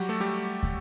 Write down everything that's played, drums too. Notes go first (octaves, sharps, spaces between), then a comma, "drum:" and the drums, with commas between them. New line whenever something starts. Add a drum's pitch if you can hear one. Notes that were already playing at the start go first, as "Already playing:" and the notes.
Already playing: F#3 G3 F#4 G4
A3 A4
G3 G4
drum: kick